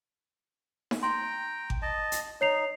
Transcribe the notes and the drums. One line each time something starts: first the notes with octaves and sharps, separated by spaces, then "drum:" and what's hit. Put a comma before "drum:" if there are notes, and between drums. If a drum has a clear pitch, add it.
drum: snare D#4
G5 A#5 C6
drum: kick G#1
D#5 A5
drum: hi-hat
D#4 C#5 C7 F7